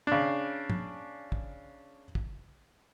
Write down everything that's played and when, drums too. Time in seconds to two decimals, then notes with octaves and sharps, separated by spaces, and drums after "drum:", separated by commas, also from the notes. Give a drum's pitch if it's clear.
0.07 C#3 D4
0.70 drum: tom
1.32 drum: kick
2.15 drum: kick